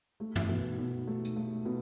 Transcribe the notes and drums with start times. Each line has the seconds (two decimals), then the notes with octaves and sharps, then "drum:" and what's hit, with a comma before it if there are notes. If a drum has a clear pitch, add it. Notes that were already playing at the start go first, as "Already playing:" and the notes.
0.20 A3
0.36 drum: tom
0.49 B2
0.78 B2
1.07 A3
1.25 drum: hi-hat
1.36 A3
1.66 B2